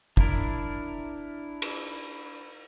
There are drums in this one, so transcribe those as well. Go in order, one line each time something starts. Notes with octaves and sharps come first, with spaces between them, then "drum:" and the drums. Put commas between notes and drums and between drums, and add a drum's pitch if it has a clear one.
D4 E4 A#4, drum: kick
drum: cymbal